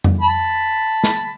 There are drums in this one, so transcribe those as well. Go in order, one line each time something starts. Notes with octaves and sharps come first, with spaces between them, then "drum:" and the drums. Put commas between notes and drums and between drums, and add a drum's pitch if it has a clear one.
drum: tom F2
A5 B5
drum: snare